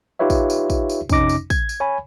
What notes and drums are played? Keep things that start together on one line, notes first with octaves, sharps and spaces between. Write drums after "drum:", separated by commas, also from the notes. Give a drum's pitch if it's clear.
D#4 F4 G4 B4 C#5 E5
drum: kick, tambourine
drum: tambourine
drum: kick, tambourine
drum: tambourine
F2 C3 C#4 D#4 D6 A#6, drum: kick, tambourine
drum: tambourine
G#6, drum: kick, tambourine
drum: tambourine
C#5 G#5 B5